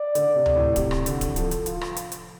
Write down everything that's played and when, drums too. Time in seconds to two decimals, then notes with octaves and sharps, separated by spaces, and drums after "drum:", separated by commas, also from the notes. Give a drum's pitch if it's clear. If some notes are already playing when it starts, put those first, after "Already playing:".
Already playing: D5
0.15 D3, drum: hi-hat
0.36 C3
0.46 drum: tom D2
0.56 A2
0.76 C3, drum: kick D1, hi-hat
0.91 drum: rim click
1.06 D3, drum: hi-hat
1.21 drum: kick D1, hi-hat
1.36 F3 A4, drum: hi-hat
1.51 drum: hi-hat
1.66 F4, drum: hi-hat
1.81 drum: rim click
1.96 drum: hi-hat
2.12 drum: hi-hat